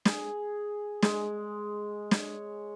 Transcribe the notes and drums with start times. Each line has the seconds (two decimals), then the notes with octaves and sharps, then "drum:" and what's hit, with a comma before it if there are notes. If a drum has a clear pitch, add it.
0.05 G#4, drum: snare
1.02 G#3, drum: snare
2.11 C#5, drum: snare